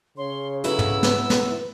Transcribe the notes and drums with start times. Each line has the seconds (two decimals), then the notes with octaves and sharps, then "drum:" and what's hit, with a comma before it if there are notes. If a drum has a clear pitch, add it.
0.17 C#3 C#5 C6
0.64 F#3 B3 E4 A4 E6, drum: hi-hat
0.79 drum: tom
1.03 B4, drum: snare
1.30 drum: snare